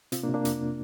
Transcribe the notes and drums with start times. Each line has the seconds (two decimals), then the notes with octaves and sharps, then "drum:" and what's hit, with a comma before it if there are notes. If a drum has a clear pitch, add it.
0.12 C3 C4 F4, drum: hi-hat
0.23 A#3 D4
0.29 C3
0.34 A#3 D4
0.45 F2, drum: hi-hat